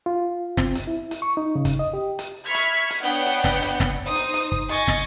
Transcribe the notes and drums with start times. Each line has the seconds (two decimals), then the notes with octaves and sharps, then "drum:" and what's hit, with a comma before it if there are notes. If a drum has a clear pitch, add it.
0.06 F4
0.57 C4, drum: snare
0.75 drum: hi-hat
0.87 E4
1.11 drum: hi-hat
1.22 C#6
1.37 D#4
1.55 C#3
1.65 drum: kick, hi-hat
1.79 D#5
1.93 G4
2.19 drum: hi-hat
2.45 E5 B5 C#6 F6 G#6 B6
2.55 drum: hi-hat
2.90 drum: hi-hat
3.02 B3 D4 C#5 D#5 F#5 G5
3.26 drum: hi-hat
3.44 drum: snare
3.62 drum: hi-hat
3.80 drum: snare
4.04 D#4 C5 D#6
4.16 drum: hi-hat
4.34 drum: hi-hat
4.52 drum: kick
4.69 D#5 G#5 C#6 A6, drum: hi-hat
4.88 drum: snare